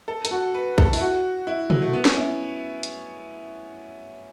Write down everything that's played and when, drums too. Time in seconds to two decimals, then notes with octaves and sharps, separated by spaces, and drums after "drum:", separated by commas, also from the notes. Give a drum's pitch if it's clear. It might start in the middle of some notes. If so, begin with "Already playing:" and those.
0.08 A4
0.25 A4, drum: hi-hat
0.31 F#4
0.55 B4
0.78 A4, drum: kick
0.93 E4, drum: open hi-hat
1.00 F#4
1.47 E4
1.70 F#3, drum: tom
1.82 A3
1.93 B3
2.05 C#4, drum: snare
2.17 E4
2.83 drum: hi-hat